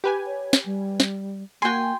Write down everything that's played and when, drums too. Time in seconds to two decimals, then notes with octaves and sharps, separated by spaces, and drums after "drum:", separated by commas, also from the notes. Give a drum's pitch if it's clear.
0.04 G4 B4 G#5
0.26 C#5
0.53 drum: snare
0.66 G3
1.00 drum: snare
1.62 A#3 F#4 G5 G#5 C6